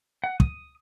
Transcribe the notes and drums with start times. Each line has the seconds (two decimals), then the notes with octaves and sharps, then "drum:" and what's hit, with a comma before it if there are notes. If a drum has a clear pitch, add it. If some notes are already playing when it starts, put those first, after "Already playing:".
0.24 F#5
0.40 D#6, drum: kick